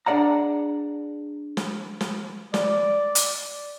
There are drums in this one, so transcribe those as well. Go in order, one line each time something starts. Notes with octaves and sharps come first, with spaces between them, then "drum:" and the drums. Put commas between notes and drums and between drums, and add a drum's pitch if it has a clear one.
D4 G#4 D5 F#5 A#5
drum: snare
drum: snare
D5, drum: snare
drum: hi-hat